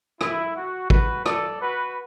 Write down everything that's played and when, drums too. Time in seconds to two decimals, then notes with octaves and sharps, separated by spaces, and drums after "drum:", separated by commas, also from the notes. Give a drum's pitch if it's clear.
0.21 E4, drum: rim click
0.56 F#4
0.90 F#4 B4, drum: kick
1.26 A4 D5, drum: rim click
1.62 F#4 B4